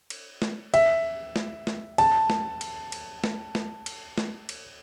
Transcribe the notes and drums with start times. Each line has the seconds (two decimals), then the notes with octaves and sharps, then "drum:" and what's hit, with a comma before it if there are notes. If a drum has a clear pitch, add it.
0.10 drum: cymbal
0.42 drum: snare
0.74 E5, drum: cymbal
1.36 drum: snare
1.67 drum: snare
1.98 A5, drum: cymbal
2.30 drum: snare
2.61 drum: cymbal
2.92 drum: cymbal
3.24 drum: snare
3.55 drum: snare
3.86 drum: cymbal
4.18 drum: snare
4.49 drum: cymbal